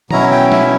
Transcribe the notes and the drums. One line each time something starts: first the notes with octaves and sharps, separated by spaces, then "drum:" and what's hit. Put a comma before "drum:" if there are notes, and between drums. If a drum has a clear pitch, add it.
B2 F#3 C#4 E4 A#5, drum: tom
G5
E5, drum: snare